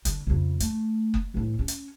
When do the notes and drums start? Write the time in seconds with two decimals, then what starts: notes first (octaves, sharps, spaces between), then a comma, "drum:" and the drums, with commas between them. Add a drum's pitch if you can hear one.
0.05 D3, drum: kick F#1, hi-hat
0.27 F2 C#3
0.60 A3, drum: hi-hat
1.14 drum: kick F#1
1.34 A2 E3
1.59 C#4
1.68 drum: hi-hat